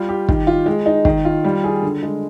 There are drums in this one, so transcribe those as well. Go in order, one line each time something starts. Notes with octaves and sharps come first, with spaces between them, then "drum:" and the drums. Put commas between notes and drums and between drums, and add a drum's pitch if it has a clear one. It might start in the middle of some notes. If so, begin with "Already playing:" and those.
Already playing: G3 F4
G4
D#3, drum: kick
F4
G#3
D#4
D#3, drum: kick
F4
G3
G#4
D3
G#3